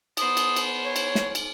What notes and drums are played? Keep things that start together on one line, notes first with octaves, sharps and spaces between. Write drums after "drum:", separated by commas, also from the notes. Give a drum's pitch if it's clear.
B3 C5 D#6, drum: cymbal
drum: cymbal
drum: cymbal
C#5
drum: cymbal
drum: snare
drum: cymbal